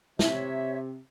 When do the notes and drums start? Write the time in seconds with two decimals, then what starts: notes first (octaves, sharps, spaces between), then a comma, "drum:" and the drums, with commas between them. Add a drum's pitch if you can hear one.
0.19 C3 C#5 E5, drum: snare